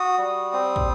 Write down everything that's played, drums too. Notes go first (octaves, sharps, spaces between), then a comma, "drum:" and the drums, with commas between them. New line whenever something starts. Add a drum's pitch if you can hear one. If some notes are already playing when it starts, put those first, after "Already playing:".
Already playing: F#4 D#6
G3
C4
drum: kick